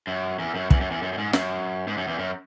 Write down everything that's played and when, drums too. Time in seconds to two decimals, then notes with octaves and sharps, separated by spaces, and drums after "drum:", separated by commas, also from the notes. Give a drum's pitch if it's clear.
0.07 F#2
0.39 E2
0.55 F#2
0.70 E2, drum: kick
0.81 F#2
0.91 E2
1.02 F#2
1.13 F#2
1.18 G#2
1.33 F#2, drum: snare
1.88 G#2
1.98 F#2
2.08 E2
2.19 F#2